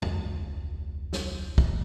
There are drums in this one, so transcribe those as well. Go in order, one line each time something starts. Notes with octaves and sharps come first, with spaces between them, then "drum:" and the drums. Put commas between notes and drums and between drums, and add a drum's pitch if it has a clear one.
E1 C#2, drum: tom F2
drum: snare
drum: kick